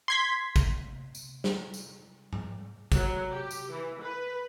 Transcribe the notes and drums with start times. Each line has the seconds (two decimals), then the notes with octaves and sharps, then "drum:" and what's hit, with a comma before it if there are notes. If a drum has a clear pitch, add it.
0.08 C6 G#6 B6
0.56 drum: kick, tambourine
1.15 drum: tambourine
1.44 drum: snare
1.74 drum: tambourine
2.33 drum: tom G#2
2.92 F#3, drum: kick, tambourine
3.31 G4
3.51 drum: tambourine
3.72 E3
4.02 B4